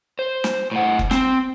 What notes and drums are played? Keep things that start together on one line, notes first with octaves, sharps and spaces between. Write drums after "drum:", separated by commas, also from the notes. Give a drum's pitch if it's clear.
C5
drum: snare
A2 F#5
drum: kick F#1
C4, drum: snare